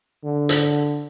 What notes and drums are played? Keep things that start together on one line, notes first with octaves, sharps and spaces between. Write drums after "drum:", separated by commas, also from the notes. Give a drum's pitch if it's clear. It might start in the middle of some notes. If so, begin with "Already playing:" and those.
D3
drum: hi-hat